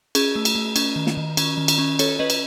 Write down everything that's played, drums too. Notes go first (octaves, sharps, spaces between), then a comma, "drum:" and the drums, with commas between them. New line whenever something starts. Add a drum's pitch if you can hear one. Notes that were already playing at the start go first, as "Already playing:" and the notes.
C#4 G#4, drum: cymbal
A3
drum: cymbal
A3
C#4, drum: cymbal
D#3
drum: snare
D#3
C#4, drum: cymbal
D#3
drum: cymbal
C#4
C#4 A4 C#5, drum: cymbal
C#4 B4 D#5
drum: cymbal